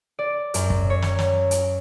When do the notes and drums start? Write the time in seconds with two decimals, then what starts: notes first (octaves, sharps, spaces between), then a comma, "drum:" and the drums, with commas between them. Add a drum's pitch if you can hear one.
0.19 D5
0.54 F#2, drum: hi-hat
0.70 drum: kick
0.90 C#5
1.02 drum: snare
1.19 drum: snare
1.51 drum: hi-hat